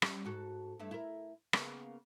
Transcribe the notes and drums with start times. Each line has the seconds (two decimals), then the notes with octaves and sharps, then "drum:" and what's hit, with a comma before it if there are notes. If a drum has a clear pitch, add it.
0.02 G3 C#4, drum: rim click
0.25 G#2 F#4 A4
0.79 G2 A3 E4
0.91 E4 A#4
1.53 C#3 A#3 B3, drum: rim click